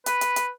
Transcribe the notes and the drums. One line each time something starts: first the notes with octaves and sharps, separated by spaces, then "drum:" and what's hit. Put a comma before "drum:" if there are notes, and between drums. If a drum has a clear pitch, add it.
B4, drum: hi-hat
drum: hi-hat
drum: hi-hat